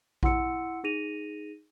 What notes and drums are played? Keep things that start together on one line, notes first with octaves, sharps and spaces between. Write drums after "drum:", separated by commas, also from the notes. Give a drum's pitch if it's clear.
E4 F#5 C6 E6 C#7, drum: kick A#1
D#4 G#4 A#6 D#7 F7